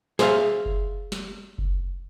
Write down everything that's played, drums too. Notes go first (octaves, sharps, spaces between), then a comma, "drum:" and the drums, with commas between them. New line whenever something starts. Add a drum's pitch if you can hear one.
G#4 C5 D5 E5 F5, drum: snare
drum: kick F#1
drum: snare
drum: kick F#1